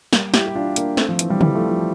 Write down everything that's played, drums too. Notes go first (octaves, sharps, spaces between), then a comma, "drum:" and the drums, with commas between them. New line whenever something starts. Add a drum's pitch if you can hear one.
G3 A#3, drum: snare
E4 G4, drum: snare
G4
D4 F4
A#3 D4, drum: hi-hat
A3 C4, drum: snare
F3
E3, drum: hi-hat
E3 G3
E3 G3, drum: tom C#3
F3 A3
F3